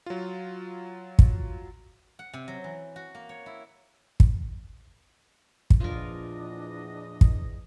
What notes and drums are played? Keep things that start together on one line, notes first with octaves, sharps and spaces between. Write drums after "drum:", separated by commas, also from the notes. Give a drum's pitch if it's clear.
F#3 F4
drum: kick
F#5
C3
F#3
E3
F#4
A#3
C#5
E4
drum: kick
drum: kick
E2 A#2 F3 D4 F4 A#4 D#5
drum: kick